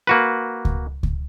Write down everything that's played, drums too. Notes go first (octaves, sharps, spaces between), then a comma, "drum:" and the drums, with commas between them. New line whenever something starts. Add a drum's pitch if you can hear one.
A#3 F#4 B4
drum: kick C#2
drum: kick C#2